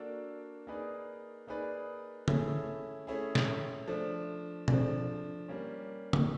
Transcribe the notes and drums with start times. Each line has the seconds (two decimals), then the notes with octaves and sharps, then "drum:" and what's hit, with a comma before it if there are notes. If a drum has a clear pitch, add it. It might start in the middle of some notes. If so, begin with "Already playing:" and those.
Already playing: A#3 D4 F#4 A4 D5
0.67 A#3 D#4 G#4 B4 D5
1.47 A#3 D#4 G#4 B4 D5
2.28 A3 C#4 E4 G#4, drum: tom
3.07 A3 C#4 E4 G#4
3.35 drum: snare
3.88 F3 A3 D4
4.68 F3 A3 D4, drum: tom
5.48 G3 A#3 C#4
6.13 drum: tom